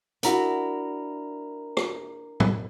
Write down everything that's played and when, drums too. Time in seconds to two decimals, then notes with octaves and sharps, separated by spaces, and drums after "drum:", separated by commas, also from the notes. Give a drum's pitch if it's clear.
0.23 D4 E4 F#4 A#4 A#5, drum: hi-hat
1.77 drum: rim click
2.40 drum: tom A2